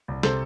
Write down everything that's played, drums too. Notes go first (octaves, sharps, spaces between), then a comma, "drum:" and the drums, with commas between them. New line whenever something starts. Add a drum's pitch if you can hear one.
C2
C3 A4 C5, drum: snare